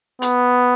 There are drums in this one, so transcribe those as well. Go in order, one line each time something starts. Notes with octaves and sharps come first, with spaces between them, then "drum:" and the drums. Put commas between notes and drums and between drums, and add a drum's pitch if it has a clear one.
B3, drum: hi-hat